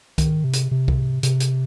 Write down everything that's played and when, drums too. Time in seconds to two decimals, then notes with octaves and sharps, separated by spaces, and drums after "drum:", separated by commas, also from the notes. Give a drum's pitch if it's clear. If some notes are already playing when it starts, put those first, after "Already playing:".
0.18 D#3, drum: kick C2, hi-hat
0.44 C3
0.53 drum: hi-hat
0.71 C3
0.88 drum: kick C2
1.23 C3, drum: hi-hat
1.40 drum: hi-hat